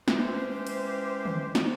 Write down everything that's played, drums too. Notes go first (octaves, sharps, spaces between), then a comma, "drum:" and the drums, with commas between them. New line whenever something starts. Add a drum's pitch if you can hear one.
E3 G#3 C#4 G4 C5, drum: snare
drum: cymbal
drum: tom D3
drum: snare